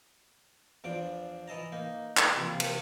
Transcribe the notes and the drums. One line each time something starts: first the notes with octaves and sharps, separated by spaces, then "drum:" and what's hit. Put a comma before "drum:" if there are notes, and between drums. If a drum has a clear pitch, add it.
E2 F3 D4 D6
E3 D#5 A5 A#5
A#3 D#4
G#4 B4, drum: clap
C3 E3 F3 A#3 F4
drum: cymbal